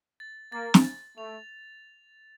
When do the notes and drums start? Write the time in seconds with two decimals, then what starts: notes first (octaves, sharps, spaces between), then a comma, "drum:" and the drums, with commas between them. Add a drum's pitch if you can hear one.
0.20 A6
0.52 A#3 A6
0.74 drum: snare
0.84 A6
1.17 A3 F7
1.49 F7